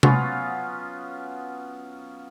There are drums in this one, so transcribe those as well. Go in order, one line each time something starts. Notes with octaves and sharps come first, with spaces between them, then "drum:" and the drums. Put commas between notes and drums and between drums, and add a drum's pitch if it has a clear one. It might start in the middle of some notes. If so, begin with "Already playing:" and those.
F#3 B3 C#4 F4, drum: tom C3